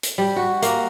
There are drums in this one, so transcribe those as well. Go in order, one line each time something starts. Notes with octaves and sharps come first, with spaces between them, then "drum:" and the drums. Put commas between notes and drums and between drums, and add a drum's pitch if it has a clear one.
drum: hi-hat
G3
F#4
A#3, drum: hi-hat